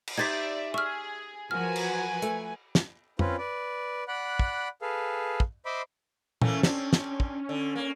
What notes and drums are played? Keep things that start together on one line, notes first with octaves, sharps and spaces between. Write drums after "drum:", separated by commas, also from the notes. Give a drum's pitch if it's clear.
drum: cymbal
D#4 G4 C5 D5 E5 G#6 A6 B6
G#4 E5 C#6 F6
F3 F#4 A#4 B4 G#5 F6
drum: cymbal
A3, drum: hi-hat
drum: snare
C4 C#4 F4 B4, drum: tom F2
B4 D5
D5 F#5 B5 F#6
drum: kick
G#4 A4 B4 F5
drum: kick
C5 D#5 E5 B5 C6 D6
E3 A3 A#3 C#4, drum: tom
C4 D4, drum: snare
drum: snare
drum: kick
D3
A#3